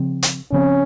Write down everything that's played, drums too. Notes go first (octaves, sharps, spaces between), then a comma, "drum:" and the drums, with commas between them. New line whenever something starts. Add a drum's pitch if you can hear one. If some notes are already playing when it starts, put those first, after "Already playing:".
Already playing: C#3 F3 C4
drum: hi-hat
C#3 F3 C4 C#4